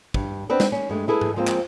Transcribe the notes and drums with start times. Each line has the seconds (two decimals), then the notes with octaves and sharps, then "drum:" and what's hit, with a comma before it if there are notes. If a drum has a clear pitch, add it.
0.14 G2, drum: kick
0.49 B3 C4 D4 B4
0.60 drum: snare
0.72 C#4
0.89 G2 G#3 A3
1.08 E4 G#4 A4 B4
1.21 drum: tom G#2
1.36 F3 G#3 A#3 C4
1.47 drum: clap